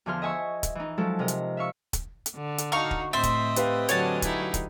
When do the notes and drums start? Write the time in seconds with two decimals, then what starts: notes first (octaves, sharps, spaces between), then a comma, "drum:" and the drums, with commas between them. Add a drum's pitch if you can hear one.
0.06 E2 D3 F3 G#4 C6 F6
0.22 D#5 E5 G#5 C#6 E6
0.63 drum: kick, hi-hat
0.75 E3 D#4
0.98 F3 F#3 G#3 A4
1.19 C3 A#4 D#5
1.28 drum: hi-hat
1.57 E5 F5 C#6 E6
1.93 drum: kick, hi-hat
2.26 drum: hi-hat
2.36 D3
2.58 drum: hi-hat
2.72 D#4 F#4 F5 A5 A#5 C#6
2.91 drum: kick
3.13 A2 C4 C5 D#5 E5 A6
3.23 drum: kick, hi-hat
3.56 G4 B4 F5, drum: hi-hat
3.89 D3 F#3 C#5 G#5 A5, drum: hi-hat
4.22 D#4 E4, drum: kick, hi-hat
4.54 drum: kick, hi-hat